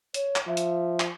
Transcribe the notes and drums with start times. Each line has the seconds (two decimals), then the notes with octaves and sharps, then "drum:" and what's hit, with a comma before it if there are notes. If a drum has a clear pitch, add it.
0.14 C#5, drum: hi-hat
0.36 drum: clap
0.47 F3 E5
0.57 drum: hi-hat
1.00 drum: clap